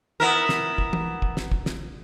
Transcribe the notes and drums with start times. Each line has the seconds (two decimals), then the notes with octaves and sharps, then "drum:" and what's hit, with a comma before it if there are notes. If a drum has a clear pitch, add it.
0.20 B3 E4 A#4
0.49 drum: snare
0.78 drum: kick
0.93 drum: tom
1.22 drum: kick
1.37 drum: snare
1.52 drum: kick
1.66 drum: snare